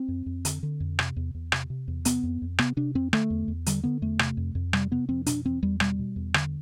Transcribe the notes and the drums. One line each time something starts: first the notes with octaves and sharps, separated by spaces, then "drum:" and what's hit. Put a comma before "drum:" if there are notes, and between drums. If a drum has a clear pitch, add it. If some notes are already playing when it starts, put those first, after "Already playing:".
Already playing: C4
F2
F2
D3, drum: hi-hat
D3
F2
C3, drum: rim click
E2
E2
C3, drum: rim click
C3
E2
C3 B3, drum: hi-hat
F2
F2
C3 B3, drum: rim click
C3 D4
F2 C4
D3 A3, drum: rim click
E2
E2
D3 G3, drum: hi-hat
D3 B3
E2 A3
C3, drum: rim click
F2
F2
C3 G3, drum: rim click
C3 B3
F2 C4
B2 D4, drum: hi-hat
E2 C4
E2 G3
B2 G3, drum: rim click
B2
E2
D3, drum: rim click